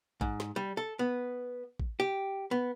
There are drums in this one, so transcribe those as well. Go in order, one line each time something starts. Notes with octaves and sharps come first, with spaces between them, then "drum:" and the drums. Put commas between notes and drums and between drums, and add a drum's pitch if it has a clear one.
G#2, drum: kick
drum: snare
G3
A4
B3
drum: kick
G4
B3